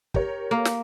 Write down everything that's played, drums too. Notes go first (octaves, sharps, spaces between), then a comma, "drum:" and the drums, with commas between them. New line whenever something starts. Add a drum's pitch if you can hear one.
G4 A#4 C#5, drum: kick
A#3
drum: snare